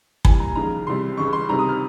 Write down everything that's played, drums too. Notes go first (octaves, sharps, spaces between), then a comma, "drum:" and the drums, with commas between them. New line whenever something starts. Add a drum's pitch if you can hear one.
C2 A#2 G3 G#5, drum: kick
A#5
D#2 C#3 F3 G#3 A#5
C2 C3 G3 C6
C#2 C#3 G#3 C#6
C6
C#2 C3 D#3 G3 A#5
D#6
F6